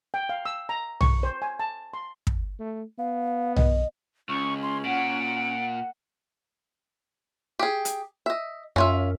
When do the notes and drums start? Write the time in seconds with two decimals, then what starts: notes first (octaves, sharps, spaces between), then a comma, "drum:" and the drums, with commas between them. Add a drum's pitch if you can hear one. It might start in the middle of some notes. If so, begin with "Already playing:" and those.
0.14 G5
0.29 F5
0.46 E6
0.69 A#5
1.01 C#6, drum: tom
1.23 C5
1.42 G#5
1.59 A5
1.94 C6
2.27 drum: kick
2.59 A3
2.99 B3 F5
3.56 D#5, drum: tom
4.29 C#2 C#4 C#6
4.63 C6
4.85 A#2 F#5 D7
7.59 G4 G#4
7.85 drum: hi-hat
8.26 D#5 E5
8.76 F#2 C#4 F4 E5